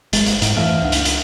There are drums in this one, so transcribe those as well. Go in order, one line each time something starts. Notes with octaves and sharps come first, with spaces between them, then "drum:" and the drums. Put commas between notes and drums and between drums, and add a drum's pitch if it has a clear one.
F#1 G#3 A6, drum: hi-hat
drum: hi-hat
G#2, drum: hi-hat
F#2 E3 A3 E5 F5 F6
C#2 D4 D#4 F#5
drum: hi-hat
drum: hi-hat